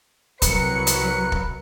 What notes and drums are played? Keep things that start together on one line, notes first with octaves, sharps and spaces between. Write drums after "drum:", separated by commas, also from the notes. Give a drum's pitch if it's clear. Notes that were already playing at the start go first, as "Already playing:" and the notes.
C2 F#3 A#4 B4 C#7, drum: kick, hi-hat
drum: hi-hat
drum: kick